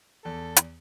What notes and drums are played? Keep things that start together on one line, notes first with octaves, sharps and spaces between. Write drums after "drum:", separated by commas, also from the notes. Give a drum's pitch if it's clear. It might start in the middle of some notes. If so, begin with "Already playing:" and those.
E2 A4
drum: hi-hat